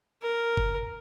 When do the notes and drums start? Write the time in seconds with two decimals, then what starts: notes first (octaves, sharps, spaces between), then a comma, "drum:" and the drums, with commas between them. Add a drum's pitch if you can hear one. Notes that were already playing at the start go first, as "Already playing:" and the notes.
0.22 A#4
0.57 drum: kick G1